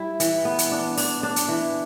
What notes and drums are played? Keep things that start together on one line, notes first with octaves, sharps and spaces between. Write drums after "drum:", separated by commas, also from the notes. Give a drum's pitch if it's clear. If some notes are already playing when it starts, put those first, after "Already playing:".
Already playing: G3 E4
E3, drum: hi-hat
B3
drum: hi-hat
D4
D4, drum: open hi-hat
D4
drum: hi-hat
E3